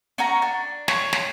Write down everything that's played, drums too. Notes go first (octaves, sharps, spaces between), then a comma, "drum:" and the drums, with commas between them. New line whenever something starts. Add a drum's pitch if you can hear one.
C#4 F#4 A#5
D4
C#5, drum: snare
drum: snare